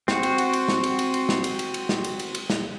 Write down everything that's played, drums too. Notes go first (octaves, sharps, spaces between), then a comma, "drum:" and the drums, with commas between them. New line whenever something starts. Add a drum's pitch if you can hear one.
C4 F#4, drum: snare
drum: cymbal
drum: cymbal
drum: cymbal
drum: snare
drum: cymbal
drum: cymbal
drum: cymbal
drum: snare
drum: cymbal
drum: cymbal
drum: cymbal
drum: snare
drum: cymbal
drum: cymbal
drum: cymbal
drum: snare